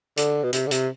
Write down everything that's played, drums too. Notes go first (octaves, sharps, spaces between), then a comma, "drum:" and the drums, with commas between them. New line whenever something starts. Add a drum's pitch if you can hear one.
D3, drum: hi-hat
B2
C3, drum: hi-hat
D3
C3, drum: hi-hat